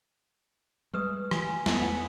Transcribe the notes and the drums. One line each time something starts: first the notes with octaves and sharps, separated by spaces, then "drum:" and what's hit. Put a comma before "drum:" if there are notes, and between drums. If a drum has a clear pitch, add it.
G3 G#3 G4 B4 D#6
E3 G#5, drum: rim click
E2 B3, drum: snare